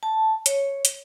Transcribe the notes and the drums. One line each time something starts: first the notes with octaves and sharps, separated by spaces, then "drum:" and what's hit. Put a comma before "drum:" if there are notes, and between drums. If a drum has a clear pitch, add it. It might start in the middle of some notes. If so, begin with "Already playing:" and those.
A5
C#5, drum: hi-hat
drum: hi-hat